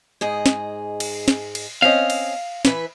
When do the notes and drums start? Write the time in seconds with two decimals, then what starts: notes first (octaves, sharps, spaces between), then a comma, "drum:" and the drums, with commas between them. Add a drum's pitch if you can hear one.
0.21 G#2 G#4 D#5
0.46 drum: snare
1.00 drum: cymbal
1.28 drum: snare
1.55 drum: cymbal
1.82 C4 C#4 D#5 F5
2.10 drum: cymbal
2.65 E3 B4 E5, drum: snare